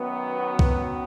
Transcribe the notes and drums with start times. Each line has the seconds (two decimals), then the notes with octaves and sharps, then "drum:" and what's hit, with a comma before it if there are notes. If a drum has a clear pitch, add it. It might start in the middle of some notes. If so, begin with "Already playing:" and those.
Already playing: F#2 D#3 F#3 B3
0.37 F#4
0.59 drum: kick